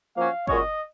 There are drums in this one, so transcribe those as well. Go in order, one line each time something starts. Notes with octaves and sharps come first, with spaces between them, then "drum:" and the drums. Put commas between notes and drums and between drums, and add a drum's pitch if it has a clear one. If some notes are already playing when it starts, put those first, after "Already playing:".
F3 A#3 C#4 F#4 F5
A#2 G#3 C#4 F#4 C#5 D#5, drum: kick